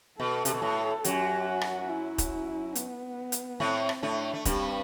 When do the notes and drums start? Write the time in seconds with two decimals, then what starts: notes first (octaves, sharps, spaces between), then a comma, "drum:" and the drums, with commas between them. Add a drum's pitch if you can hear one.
0.19 B2 A4
0.45 C3, drum: hi-hat
0.53 B2
0.62 A2
1.04 F#2 F#3 G4, drum: hi-hat
1.47 F#4
1.61 drum: rim click
1.90 E4
2.18 drum: kick E1, hi-hat
2.75 B3, drum: hi-hat
3.32 drum: hi-hat
3.60 A2 A3 C4
3.89 drum: rim click
4.03 A2 A3 D4
4.34 A3
4.45 G2 G3 C4, drum: kick E1, hi-hat